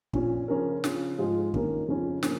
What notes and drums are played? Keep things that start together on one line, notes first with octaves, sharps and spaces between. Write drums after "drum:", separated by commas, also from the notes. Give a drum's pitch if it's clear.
A#2 F3 C#4, drum: kick
C#3 F3 C#4 F4 A#4
C#3 F3 C#4 F4, drum: snare
G#2 F3 G#3 F4
D#3 A#3 C#4 A#4, drum: kick
F2 C#3 F3 C#4
C#3 F3 A#3 C#4 F4, drum: snare